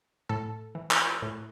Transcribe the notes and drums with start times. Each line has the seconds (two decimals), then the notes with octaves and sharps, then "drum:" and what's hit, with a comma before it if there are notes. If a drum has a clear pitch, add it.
0.29 A2 A4
0.75 E3
0.91 drum: clap
1.22 A2